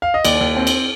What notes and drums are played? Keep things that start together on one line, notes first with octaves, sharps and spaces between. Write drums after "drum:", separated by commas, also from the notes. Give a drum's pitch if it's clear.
F5
D#5
D#2 D5, drum: cymbal
D#2
C4
drum: cymbal